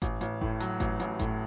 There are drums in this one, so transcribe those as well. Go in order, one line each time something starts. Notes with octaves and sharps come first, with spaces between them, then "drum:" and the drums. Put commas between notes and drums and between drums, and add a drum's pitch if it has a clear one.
A1, drum: kick G1, hi-hat
A1, drum: hi-hat
A2, drum: kick G1
F#3, drum: hi-hat
A1, drum: kick G1, hi-hat
A1, drum: hi-hat
A2, drum: kick G1, hi-hat